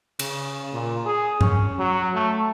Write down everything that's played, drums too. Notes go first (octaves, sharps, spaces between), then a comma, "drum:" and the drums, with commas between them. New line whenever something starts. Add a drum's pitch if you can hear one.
C#3, drum: cymbal
A#2
G#4
C#4, drum: tom G2
F#3
A3